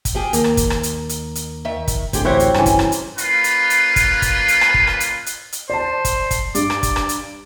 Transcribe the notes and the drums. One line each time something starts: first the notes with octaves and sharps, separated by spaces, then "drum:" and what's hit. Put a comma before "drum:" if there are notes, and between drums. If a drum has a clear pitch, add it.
drum: kick, hi-hat
F3 G4 G#4
D#2 A#3, drum: hi-hat
drum: rim click
drum: kick, hi-hat
drum: rim click
drum: hi-hat
drum: hi-hat
drum: hi-hat
D#3 E5
drum: kick, hi-hat
A2 D3 C4 G4 G#4, drum: kick, hi-hat
A1 D2 C4 E4 F#4 G4 C5 C#5
drum: hi-hat
G2 C#3 E3 C#4, drum: rim click
drum: kick, hi-hat
drum: rim click
drum: hi-hat
A#3 C#4 F4 B4 B5 C6, drum: hi-hat
drum: hi-hat
drum: hi-hat
drum: kick, hi-hat
drum: kick, hi-hat
drum: hi-hat
drum: rim click
drum: kick
drum: rim click
drum: hi-hat
drum: hi-hat
drum: hi-hat
C5 D5 A5
drum: kick, hi-hat
drum: kick, hi-hat
G2 D5, drum: hi-hat
drum: rim click
drum: kick, hi-hat
drum: rim click
drum: hi-hat